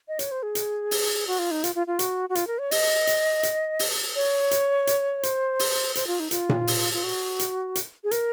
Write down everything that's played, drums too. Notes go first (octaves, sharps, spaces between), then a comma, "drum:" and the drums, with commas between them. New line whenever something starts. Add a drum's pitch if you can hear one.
D#5
C#5, drum: hi-hat
C5
G#4
drum: hi-hat
drum: open hi-hat
F#4
F4
D#4
F4, drum: hi-hat
F4
F4
F#4, drum: hi-hat
F#4
F4, drum: hi-hat
A#4
C#5
D#5, drum: open hi-hat
drum: hi-hat
drum: hi-hat
drum: open hi-hat
C#5
drum: hi-hat
drum: hi-hat
C5, drum: hi-hat
drum: open hi-hat
C5, drum: hi-hat
F4
D#4
F4, drum: hi-hat
drum: tom A#2
drum: open hi-hat
F4
F#4
drum: hi-hat
drum: hi-hat
G#4
A#4, drum: hi-hat